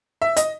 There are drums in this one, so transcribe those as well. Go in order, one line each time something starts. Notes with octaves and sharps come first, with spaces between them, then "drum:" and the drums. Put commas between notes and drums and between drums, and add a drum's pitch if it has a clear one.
E5
D#5, drum: hi-hat